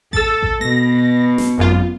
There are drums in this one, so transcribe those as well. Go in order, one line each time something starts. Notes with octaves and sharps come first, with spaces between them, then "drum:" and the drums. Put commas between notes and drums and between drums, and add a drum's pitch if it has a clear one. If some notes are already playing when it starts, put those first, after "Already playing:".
A4 E6 A6, drum: kick A1
drum: kick A1
B2 A#6
drum: snare
G#1 F#2 F4